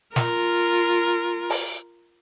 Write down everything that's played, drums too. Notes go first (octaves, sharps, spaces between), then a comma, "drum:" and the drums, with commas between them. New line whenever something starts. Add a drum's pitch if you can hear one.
F4 A#4, drum: snare
drum: open hi-hat